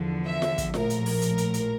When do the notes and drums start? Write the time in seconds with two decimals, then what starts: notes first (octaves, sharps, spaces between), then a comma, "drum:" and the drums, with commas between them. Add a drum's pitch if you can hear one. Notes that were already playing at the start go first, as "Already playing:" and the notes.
Already playing: E2 D3 F3
0.26 E5
0.42 drum: snare F4
0.58 drum: kick, hi-hat
0.74 A#1 A2 F3 A#4, drum: snare F4
0.90 drum: hi-hat
1.06 drum: open hi-hat
1.22 drum: hi-hat
1.38 drum: hi-hat
1.54 drum: hi-hat